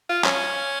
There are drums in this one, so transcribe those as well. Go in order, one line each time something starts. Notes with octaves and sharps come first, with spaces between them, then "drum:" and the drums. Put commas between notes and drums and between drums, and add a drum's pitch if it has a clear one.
F4
C#4, drum: clap